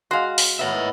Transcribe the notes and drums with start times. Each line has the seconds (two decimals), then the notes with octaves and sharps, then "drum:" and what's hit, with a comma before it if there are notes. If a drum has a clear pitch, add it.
0.11 G#3 F#4 F5 C6
0.38 drum: open hi-hat
0.59 A2 D#3 B3 C#5 E5